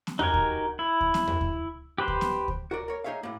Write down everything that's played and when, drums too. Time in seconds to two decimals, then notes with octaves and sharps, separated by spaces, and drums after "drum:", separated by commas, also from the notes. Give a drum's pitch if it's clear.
0.07 drum: snare B3
0.19 D#4 F#4 G4 A#4 G#5, drum: tom E2
0.34 drum: kick D2
0.79 E4
1.01 drum: kick D2
1.14 drum: snare B3
1.27 drum: tom E2
1.41 drum: kick D2
1.98 G4 B4 C5
2.08 drum: kick D2
2.21 drum: snare B3
2.48 drum: kick D2
2.71 F#4 A#4 D5
2.88 A#4 C#5
3.04 A#3 D#4 G#4 C#5 E5 F5
3.23 A2 A#3